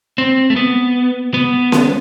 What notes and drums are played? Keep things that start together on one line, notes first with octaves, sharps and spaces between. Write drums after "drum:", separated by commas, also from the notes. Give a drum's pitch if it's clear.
C4
A3
B3
B3
drum: snare C#4